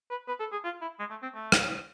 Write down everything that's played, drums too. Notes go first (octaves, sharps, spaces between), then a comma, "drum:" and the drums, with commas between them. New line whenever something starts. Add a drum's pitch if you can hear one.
B4
B4
A4
G#4
F4
E4
G#3
A3
C4
A3
drum: rim click